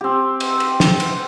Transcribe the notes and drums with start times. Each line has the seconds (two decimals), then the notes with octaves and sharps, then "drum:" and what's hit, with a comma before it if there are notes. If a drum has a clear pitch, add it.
0.01 C4 G4
0.40 drum: cymbal
0.60 drum: cymbal
0.80 drum: snare
1.00 drum: cymbal